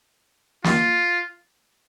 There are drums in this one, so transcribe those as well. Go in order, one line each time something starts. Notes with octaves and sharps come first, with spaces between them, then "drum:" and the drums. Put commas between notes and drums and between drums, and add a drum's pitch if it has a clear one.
F4, drum: snare